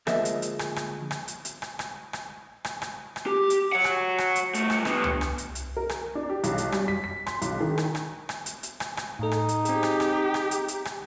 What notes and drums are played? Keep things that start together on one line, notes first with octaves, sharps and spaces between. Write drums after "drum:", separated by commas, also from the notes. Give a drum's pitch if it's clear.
D2 F3 G#3 A#3 E5, drum: rim click
drum: hi-hat
drum: hi-hat
drum: rim click
drum: rim click
drum: rim click
drum: hi-hat
drum: hi-hat
drum: rim click
drum: rim click
drum: rim click
drum: rim click
drum: rim click
drum: rim click
G4
drum: hi-hat
C#5 F#5
drum: rim click
drum: rim click
drum: hi-hat
G2 A3, drum: hi-hat
drum: rim click
D3 B3, drum: rim click
drum: tom
drum: rim click
drum: hi-hat
drum: hi-hat
A#4
drum: rim click
D4
G4
B1, drum: hi-hat
drum: hi-hat
G3, drum: rim click
B6
B6
C6, drum: rim click
B1, drum: hi-hat
D#3
drum: rim click
drum: rim click
drum: rim click
drum: hi-hat
drum: hi-hat
drum: rim click
drum: rim click
A2 D#4 A4
drum: rim click
drum: hi-hat
C4 G4 G#4, drum: hi-hat
drum: rim click
drum: rim click
drum: rim click
drum: hi-hat
drum: hi-hat
drum: rim click